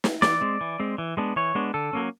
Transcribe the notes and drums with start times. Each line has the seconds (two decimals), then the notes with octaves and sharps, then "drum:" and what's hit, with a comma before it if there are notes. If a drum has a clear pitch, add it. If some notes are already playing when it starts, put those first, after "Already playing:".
0.04 drum: snare
0.22 E3 D5, drum: snare
0.41 G#3 C4
0.61 E3
0.80 G#3 C4
0.98 E3
1.17 G#3 B3 D4
1.36 E3 C#5
1.55 G#3 B3 D4
1.74 D3 A4
1.93 F#3 A#3 C#4